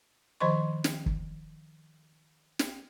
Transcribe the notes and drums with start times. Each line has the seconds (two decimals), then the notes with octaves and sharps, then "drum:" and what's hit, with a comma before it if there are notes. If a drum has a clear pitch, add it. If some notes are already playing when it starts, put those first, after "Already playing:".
0.40 D#3 F3 C5 D#5 C6 C#6
0.84 drum: snare
1.06 drum: kick
2.59 drum: snare